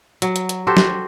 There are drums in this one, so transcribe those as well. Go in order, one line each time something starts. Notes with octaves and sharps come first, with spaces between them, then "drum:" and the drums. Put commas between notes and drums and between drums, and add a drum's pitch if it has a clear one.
F#3, drum: hi-hat
drum: hi-hat
drum: hi-hat
F#4 G4 A4 C5
drum: snare